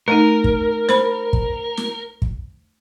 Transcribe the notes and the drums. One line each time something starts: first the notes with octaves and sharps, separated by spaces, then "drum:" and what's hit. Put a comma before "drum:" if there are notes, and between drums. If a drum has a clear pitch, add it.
A3 D#4 A#4
drum: kick
C5 B5, drum: snare
drum: kick
drum: snare
drum: kick